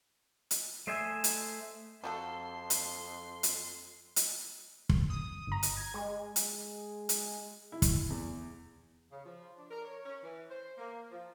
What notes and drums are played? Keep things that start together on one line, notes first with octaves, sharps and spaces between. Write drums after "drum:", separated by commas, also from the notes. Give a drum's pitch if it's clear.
drum: hi-hat
A3 C5 D#5 E5 G#5
drum: hi-hat
F2 F3 F#4 A4 C6
drum: hi-hat
drum: hi-hat
drum: hi-hat
drum: kick
D#6
G1 A#5
drum: hi-hat
G#6
G#3
drum: hi-hat
drum: hi-hat
E4
drum: kick, hi-hat
E2
C#3
F3
D4
A#4
C#5
C#4
E3
C5
A#3
F3